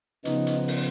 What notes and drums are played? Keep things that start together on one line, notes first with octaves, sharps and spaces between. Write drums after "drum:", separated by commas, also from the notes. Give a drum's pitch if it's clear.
C#3 F3 B3 D#4, drum: hi-hat
drum: hi-hat
drum: open hi-hat